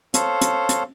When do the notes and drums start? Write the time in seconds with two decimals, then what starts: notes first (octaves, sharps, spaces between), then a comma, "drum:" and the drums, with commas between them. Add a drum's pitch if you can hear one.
0.14 A4 C5 C#5 F5, drum: hi-hat
0.41 drum: hi-hat
0.69 drum: hi-hat